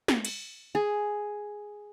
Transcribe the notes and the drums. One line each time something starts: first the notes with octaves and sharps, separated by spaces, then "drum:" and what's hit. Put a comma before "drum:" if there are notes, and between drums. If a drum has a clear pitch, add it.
drum: snare
drum: cymbal
G#4